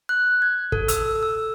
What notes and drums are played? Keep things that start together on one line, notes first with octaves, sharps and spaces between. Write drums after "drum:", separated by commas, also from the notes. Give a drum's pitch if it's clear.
F#6
G#6
A4, drum: kick
E6, drum: hi-hat
E6